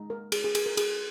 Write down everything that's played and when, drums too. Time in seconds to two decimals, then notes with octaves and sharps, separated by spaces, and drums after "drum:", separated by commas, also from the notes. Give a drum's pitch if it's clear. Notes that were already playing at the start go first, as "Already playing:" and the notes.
Already playing: G#3 D#4
0.10 A#4
0.32 G#4, drum: cymbal
0.44 G#4
0.55 G#4, drum: cymbal
0.66 A#4
0.77 G#4, drum: cymbal